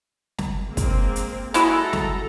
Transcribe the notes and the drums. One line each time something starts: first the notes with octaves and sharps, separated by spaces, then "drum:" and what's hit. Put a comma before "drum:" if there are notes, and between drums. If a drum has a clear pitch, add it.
drum: snare
G#3 A#3 C4
drum: kick, hi-hat
drum: hi-hat
G#3 E4 F#4 A4 A#5, drum: hi-hat
drum: snare